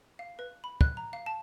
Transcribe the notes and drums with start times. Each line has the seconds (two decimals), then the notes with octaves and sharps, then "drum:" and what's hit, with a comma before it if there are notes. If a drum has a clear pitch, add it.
0.19 F5
0.39 B4
0.64 B5
0.81 F#6, drum: kick
0.97 A#5
1.13 F5
1.26 A5